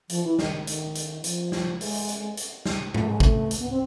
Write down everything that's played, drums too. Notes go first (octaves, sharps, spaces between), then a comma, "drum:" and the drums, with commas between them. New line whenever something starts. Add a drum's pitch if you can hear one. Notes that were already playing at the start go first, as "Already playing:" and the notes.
F3, drum: hi-hat
E3
D#3, drum: snare
D#3
D#3, drum: hi-hat
drum: hi-hat
F3, drum: hi-hat
drum: snare
G#3, drum: open hi-hat
drum: hi-hat
drum: hi-hat
drum: snare
A3, drum: tom G#2
G#3
A3, drum: kick
drum: hi-hat
B3
C4